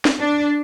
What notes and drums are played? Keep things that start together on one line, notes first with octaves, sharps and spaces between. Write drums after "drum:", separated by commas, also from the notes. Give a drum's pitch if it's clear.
drum: snare
D4